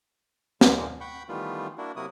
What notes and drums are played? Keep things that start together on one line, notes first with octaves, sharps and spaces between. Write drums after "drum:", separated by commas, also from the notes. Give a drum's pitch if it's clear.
A#2 C#3 E3 F3 G#3 A#3, drum: snare
F#5 G5 B5 C#6 G6
D#3 E3 G3 A3 B3 F4
A#3 D4 E4 F#4
C3 F#3 A#3 E4 F#4 D#6